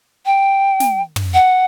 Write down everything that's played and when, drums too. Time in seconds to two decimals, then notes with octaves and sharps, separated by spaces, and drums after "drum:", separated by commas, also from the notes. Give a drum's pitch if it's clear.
0.26 G5
0.80 drum: snare
1.16 drum: tom
1.34 F#5